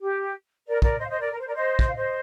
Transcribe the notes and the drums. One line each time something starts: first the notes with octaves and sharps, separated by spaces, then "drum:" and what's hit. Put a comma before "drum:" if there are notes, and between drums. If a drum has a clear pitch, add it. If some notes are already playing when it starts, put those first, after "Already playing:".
G4
A#4 D5
A#4 D5, drum: kick
C5 D#5
F5
C5 D#5
A#4 D5
A#4
C5
A#4 D5
C5 D#5
drum: kick
F5
C5 D#5